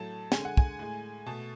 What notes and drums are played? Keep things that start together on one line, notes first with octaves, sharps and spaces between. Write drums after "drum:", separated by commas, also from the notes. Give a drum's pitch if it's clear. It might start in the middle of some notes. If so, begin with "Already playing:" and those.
Already playing: A2 F#3 A3 A5
D3 G#3 G#5, drum: snare
F#5
G#5, drum: kick
A2 G#3
B2 A3 A5